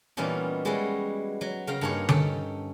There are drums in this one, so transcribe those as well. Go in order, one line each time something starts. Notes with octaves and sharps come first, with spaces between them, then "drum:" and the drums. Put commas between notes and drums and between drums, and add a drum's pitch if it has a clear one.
A#2 E3 G3 B3 C#4 D#4
G3 G#3 C#4 E4 F#4 C#5
F#3
C#3 A#4 F5 G5 A#5 C6
G2 A#3 C#4 D#4 A#4 C#5
C#4 A4 G5, drum: tom D3